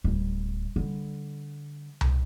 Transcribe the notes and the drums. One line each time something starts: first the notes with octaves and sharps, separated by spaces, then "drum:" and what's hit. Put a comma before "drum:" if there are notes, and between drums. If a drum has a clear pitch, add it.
D1 G3
D3 G3
drum: tom C2